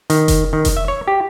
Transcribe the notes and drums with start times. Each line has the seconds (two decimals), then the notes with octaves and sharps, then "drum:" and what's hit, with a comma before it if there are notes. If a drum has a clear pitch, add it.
0.10 D#3, drum: hi-hat
0.28 drum: kick F1, hi-hat
0.53 D#3
0.65 drum: kick F1, hi-hat
0.77 E5
0.88 C#5
1.08 G4